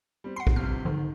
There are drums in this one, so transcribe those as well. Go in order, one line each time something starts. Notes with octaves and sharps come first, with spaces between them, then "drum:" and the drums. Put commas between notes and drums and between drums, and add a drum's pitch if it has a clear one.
G3 C4
F#5 C6 C7
drum: kick
G1 C3 F6
G#2 D3 D#3 F3